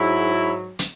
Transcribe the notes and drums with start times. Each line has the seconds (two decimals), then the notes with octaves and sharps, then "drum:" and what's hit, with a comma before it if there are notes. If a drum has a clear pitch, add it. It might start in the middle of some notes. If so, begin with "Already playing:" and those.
Already playing: G#2 F#3 E4
0.79 drum: hi-hat